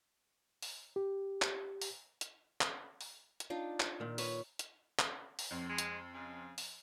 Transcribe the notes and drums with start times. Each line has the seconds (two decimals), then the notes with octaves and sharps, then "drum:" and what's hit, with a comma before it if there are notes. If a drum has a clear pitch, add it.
0.62 drum: open hi-hat
0.96 G4
1.42 drum: clap
1.82 drum: open hi-hat
2.21 drum: hi-hat
2.61 drum: clap
3.01 drum: open hi-hat
3.40 drum: hi-hat
3.50 D4 D#4 F4
3.80 drum: clap
4.00 A#2 D#3
4.18 B4 C#5, drum: open hi-hat
4.59 drum: hi-hat
4.99 drum: clap
5.39 drum: open hi-hat
5.51 F2 A2
5.69 G#3
5.78 drum: hi-hat
6.14 C#3
6.58 drum: open hi-hat